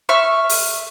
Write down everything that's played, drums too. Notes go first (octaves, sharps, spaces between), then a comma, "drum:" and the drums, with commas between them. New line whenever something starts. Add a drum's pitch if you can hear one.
E5 C#6 F6
drum: open hi-hat